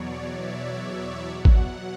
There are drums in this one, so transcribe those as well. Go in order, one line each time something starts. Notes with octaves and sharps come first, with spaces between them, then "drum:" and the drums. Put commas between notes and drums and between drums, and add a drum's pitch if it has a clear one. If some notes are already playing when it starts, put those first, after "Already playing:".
Already playing: E2 B2 F#3 C#5 D5
E5
D5
B2 F#3 F#5
drum: kick A1